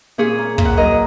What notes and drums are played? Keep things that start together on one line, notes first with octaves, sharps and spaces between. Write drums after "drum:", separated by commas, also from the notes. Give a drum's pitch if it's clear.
A#2 G#4 C#5
A#3
A#2, drum: kick
F#5
F#3 A#4 D#5